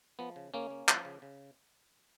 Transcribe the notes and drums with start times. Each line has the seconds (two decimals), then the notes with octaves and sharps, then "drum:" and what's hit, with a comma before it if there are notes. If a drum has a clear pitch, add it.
0.19 F3 B3
0.36 C#3
0.54 C#3 A#3 C#4
0.70 A#3
0.88 F3, drum: clap
1.05 C#3
1.22 C#3